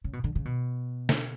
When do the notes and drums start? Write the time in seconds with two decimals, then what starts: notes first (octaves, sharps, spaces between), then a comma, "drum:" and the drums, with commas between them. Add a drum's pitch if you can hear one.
0.04 C#3
0.13 B2
0.24 D3
0.35 C#3
0.45 B2
1.09 drum: snare